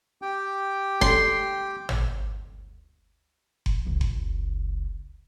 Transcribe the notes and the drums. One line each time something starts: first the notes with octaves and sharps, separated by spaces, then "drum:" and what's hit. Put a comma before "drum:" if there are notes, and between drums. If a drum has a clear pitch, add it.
G4 G5
C6, drum: kick F#1
drum: tom
drum: kick F#1
F#1 C#2
drum: kick F#1